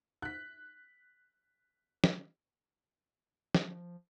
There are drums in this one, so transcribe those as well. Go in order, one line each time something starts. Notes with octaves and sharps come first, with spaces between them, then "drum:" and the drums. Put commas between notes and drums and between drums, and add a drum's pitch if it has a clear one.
F#6 B6
drum: snare
F3, drum: snare